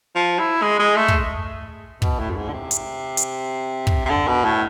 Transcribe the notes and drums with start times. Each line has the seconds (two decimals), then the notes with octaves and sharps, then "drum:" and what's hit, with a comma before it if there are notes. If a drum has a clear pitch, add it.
0.15 F3
0.39 E4
0.62 G#3
0.79 G#3
0.96 A3
1.08 drum: kick
2.02 B2, drum: kick
2.19 A2
2.30 F2
2.37 G#2
2.49 D3
2.53 C3
2.71 drum: hi-hat
3.17 drum: hi-hat
3.87 drum: kick
4.05 C3
4.10 D3
4.28 B2
4.44 A2